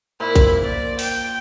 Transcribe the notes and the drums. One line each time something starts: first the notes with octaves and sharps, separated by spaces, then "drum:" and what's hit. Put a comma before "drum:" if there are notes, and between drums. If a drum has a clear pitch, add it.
A#2 E4 C5
drum: kick, hi-hat
D5
G5, drum: open hi-hat